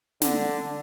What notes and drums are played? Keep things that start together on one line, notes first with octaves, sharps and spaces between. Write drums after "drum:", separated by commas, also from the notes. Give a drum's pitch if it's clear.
D3, drum: snare